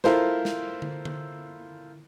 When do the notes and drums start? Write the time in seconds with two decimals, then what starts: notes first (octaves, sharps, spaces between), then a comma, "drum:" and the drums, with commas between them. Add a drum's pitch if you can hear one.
0.04 E4 F4 A4 A#4 C5, drum: snare
0.45 drum: snare
0.82 drum: tom D3
1.05 drum: tom D3